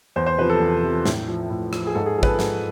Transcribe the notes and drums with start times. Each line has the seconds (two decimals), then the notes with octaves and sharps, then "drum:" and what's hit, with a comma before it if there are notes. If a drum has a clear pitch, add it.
0.16 E2 C5
0.26 C5
0.38 C3 F3 B4
0.49 A4
0.60 E2
0.83 C3 F3
1.06 A2, drum: snare
1.28 F3
1.50 A2
1.73 F3, drum: rim click
1.87 G#4
1.95 G#2 A4
2.06 G#4
2.17 F3 A4
2.23 B4, drum: kick
2.28 A4
2.39 G#2, drum: snare